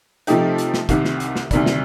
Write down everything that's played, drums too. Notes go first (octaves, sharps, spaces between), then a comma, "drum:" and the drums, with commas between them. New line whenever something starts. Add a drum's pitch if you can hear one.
C3 F3 A3 D#4 G4, drum: hi-hat
drum: hi-hat
drum: snare
C2 C3 D#3, drum: kick, hi-hat
drum: snare
drum: hi-hat
drum: snare
D2 C3 D#3 G3, drum: kick, hi-hat
drum: snare